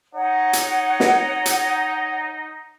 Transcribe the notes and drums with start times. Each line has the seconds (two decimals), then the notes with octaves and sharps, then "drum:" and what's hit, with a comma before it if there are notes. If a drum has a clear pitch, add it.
0.14 D#4 C#5 F#5
0.53 drum: hi-hat
1.00 drum: snare
1.46 drum: hi-hat